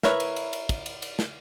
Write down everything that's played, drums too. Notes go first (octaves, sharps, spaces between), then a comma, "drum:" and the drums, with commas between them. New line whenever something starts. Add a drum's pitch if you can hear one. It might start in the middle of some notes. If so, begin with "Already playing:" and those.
E4 A#4 B4 C#5 E5, drum: snare
drum: cymbal
drum: cymbal
drum: cymbal
drum: kick, cymbal
drum: cymbal
drum: cymbal
drum: snare